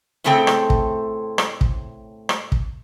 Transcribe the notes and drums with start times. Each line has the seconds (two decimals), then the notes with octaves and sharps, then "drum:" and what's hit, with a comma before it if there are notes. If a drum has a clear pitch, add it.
0.24 A2 C#3 A3 C4 A4 G5
0.47 drum: rim click
0.70 drum: kick
1.38 drum: rim click
1.61 drum: kick
2.29 drum: rim click
2.52 drum: kick